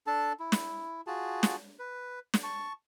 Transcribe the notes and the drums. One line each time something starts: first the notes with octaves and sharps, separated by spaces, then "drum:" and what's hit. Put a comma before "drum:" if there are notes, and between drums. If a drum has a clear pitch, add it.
D4 A4 A5
E4
drum: snare
F4 F#4 G#4 A5
drum: snare
B4
drum: snare
A5 C#6